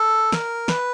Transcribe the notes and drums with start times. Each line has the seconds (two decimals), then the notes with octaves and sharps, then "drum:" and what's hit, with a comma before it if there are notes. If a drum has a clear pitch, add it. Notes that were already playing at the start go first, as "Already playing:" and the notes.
Already playing: A4
0.32 A#4, drum: snare
0.68 B4, drum: snare